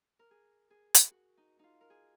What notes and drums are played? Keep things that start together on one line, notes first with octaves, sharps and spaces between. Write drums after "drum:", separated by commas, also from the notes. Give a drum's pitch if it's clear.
A#4
G#4
G#4
drum: hi-hat
F#4
D#4
D#4 F4
A#4
G#4